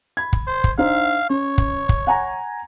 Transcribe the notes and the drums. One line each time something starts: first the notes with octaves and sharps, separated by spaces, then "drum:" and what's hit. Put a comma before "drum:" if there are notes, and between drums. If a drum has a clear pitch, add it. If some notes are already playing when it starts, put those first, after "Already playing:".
B5 G#6
drum: kick
C5
drum: kick
D4 D#4 C5 F5
C#4 C#5
drum: kick
drum: kick
F#5 G#5 A#5